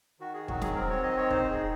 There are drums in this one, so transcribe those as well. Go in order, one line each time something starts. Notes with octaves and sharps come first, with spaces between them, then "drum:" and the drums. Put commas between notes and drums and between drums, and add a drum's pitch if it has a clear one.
D#3 F#4
G#4
F#3 F#4, drum: kick
G#4, drum: snare
C4 A#4
C#5
D#3 D#5
C#5
D#4 C5, drum: kick
G#4
D#3